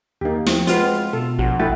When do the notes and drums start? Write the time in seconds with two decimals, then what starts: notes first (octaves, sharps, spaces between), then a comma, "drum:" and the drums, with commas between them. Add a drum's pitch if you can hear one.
0.21 D#2 A#3 D#4 G4
0.46 F3 C4, drum: snare
0.67 G#3 C4 F4 F#4 B4 F6, drum: hi-hat
1.13 B2 A4
1.39 A#1 F#4
1.60 A3 E4 F#4 F#5 G5 A6